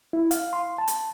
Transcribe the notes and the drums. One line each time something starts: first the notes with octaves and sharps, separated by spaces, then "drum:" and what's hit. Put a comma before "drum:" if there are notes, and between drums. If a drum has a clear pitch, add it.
E4
F5, drum: hi-hat
C6
A5
drum: hi-hat